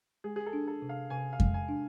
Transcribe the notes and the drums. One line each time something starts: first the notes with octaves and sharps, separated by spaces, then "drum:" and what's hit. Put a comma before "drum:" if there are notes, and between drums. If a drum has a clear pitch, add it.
G#3 G#4
G#4
A4
D4
A4
C3
F5
C3 G#5
F5
G#3, drum: kick F2
G#5
D4